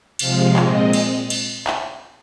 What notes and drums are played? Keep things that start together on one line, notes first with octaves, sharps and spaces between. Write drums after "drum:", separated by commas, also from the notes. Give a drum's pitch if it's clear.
C3 F3 G#3 F5, drum: cymbal
A#2 G#3 C4 D#5, drum: clap
drum: cymbal
drum: cymbal
drum: clap